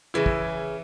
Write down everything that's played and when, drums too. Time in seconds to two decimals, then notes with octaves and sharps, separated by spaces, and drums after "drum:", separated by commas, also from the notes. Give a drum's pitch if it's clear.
0.14 C#3 E3 E4
0.26 drum: kick